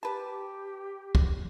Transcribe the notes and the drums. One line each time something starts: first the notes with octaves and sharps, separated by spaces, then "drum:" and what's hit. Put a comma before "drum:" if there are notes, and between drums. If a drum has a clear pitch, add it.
G4 B4 A5
drum: kick